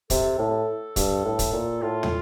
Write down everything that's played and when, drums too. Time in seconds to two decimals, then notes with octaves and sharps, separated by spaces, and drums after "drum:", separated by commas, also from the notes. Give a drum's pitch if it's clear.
0.10 C3 A4, drum: kick, hi-hat
0.39 A2
0.96 G2, drum: kick, hi-hat
1.25 A2
1.39 drum: kick, hi-hat
1.53 A#2
1.82 A2 F4
2.03 drum: tom